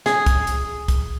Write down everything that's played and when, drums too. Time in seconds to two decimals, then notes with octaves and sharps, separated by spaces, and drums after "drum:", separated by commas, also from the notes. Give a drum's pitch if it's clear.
0.06 G#4, drum: snare
0.26 drum: kick, hi-hat
0.47 drum: hi-hat
0.88 drum: kick, hi-hat